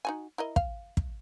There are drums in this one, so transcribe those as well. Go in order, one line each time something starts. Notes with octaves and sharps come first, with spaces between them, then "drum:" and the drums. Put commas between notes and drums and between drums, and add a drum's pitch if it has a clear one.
D#4 F#4 G#5
E4 A#4 D#5
F5, drum: kick
drum: kick